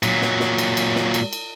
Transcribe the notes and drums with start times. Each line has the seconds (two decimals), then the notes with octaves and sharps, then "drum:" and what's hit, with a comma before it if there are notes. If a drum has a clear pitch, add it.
0.03 A#2 F#3, drum: cymbal
0.21 drum: snare
0.40 drum: snare
0.58 drum: cymbal
0.77 drum: cymbal
0.96 drum: snare
1.14 drum: cymbal
1.33 drum: cymbal